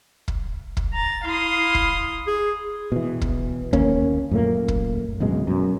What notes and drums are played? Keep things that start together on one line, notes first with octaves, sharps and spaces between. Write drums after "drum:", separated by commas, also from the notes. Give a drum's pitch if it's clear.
drum: kick
drum: kick
A#5 A6
E4 F5 C6 D#6
drum: kick
G#4
B2 E3
drum: kick
D#2 A#3 C#4, drum: kick
F#2 A#2 A3 A#3
drum: kick
D1 F#2 B2 G#3
F#2 B2